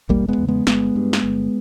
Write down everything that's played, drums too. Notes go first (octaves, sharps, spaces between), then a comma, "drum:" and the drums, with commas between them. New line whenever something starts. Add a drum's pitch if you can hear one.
E1 G3 A#3, drum: kick A#1
G#3 B3
E2
C#3
G#3 B3
G1 G#3 B3, drum: snare
G2
drum: snare
G1